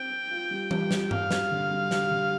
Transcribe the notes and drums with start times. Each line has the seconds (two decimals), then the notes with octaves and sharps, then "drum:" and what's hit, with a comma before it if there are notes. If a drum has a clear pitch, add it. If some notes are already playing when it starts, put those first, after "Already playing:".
Already playing: C4 G5
0.10 C4
0.31 F4
0.51 G3
0.71 G3, drum: tom E3
0.91 F4, drum: snare
1.11 G3 F5, drum: tom G2
1.31 G3, drum: snare
1.51 D3
1.71 G3
1.91 G4, drum: snare
2.11 D3